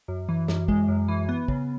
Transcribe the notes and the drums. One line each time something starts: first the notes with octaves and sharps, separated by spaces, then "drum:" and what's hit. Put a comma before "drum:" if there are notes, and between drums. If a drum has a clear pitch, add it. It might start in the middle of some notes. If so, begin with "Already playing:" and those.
F#2
E3
F#2, drum: snare
G#3, drum: kick
F#2
E3
B3
C#3, drum: kick